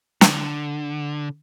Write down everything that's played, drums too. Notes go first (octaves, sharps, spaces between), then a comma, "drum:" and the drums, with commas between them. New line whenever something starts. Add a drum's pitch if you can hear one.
D3, drum: snare